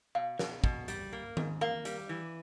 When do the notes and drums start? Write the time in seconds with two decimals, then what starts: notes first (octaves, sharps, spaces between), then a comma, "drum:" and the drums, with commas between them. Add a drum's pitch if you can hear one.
0.15 B2 F5
0.39 B2, drum: snare
0.64 B2, drum: kick
0.88 G3, drum: hi-hat
1.13 A#3
1.37 G#2, drum: tom D#3
1.61 A#3 F5
1.85 G3, drum: hi-hat
2.09 E3